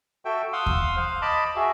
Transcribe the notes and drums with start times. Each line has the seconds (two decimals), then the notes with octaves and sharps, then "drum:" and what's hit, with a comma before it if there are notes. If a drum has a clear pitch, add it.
0.25 F#4 A4 E5 G5
0.53 F5 F#5 C6 D#6 E6
0.66 drum: kick D#2
0.97 C5 F5
1.22 D#5 A5 B5 D6
1.56 F#4 G#4 E5